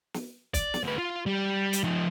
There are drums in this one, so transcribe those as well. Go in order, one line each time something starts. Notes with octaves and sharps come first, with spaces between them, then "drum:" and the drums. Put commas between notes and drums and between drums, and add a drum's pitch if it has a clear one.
drum: snare
D5, drum: kick, hi-hat
drum: snare
D2 B4
F4
G3
drum: hi-hat
F3 D#4